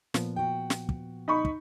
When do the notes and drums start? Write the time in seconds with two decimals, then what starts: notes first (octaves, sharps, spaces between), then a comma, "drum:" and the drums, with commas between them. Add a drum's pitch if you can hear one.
0.14 A#2 F3 B3, drum: snare
0.36 F#4 G5
0.70 drum: snare
0.89 drum: kick
1.28 D#4 B5 C#6
1.45 drum: kick